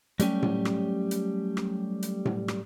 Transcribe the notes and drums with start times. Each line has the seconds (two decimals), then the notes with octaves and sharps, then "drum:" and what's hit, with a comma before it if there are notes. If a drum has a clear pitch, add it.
0.20 F#3 G3 A3 C#4 G4, drum: hi-hat
0.42 drum: tom A2
0.65 drum: rim click
1.11 drum: hi-hat
1.57 drum: rim click
2.03 drum: hi-hat
2.25 drum: tom A2
2.48 drum: rim click